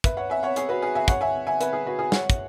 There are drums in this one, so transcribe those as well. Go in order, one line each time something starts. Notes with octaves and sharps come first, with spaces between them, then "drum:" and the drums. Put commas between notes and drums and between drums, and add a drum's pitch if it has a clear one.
B4 E5, drum: kick, hi-hat
C#5 F#5
E5 G#5
C#5 F#5
G#4 C#5, drum: hi-hat
F#4 B4
G#4
E5 G#5
C#5 F#5, drum: kick, hi-hat
E5 G#5
E5 G#5
B4 E5, drum: hi-hat
G#4
F#4 B4
G#4
C#5 F#5, drum: snare
drum: kick, hi-hat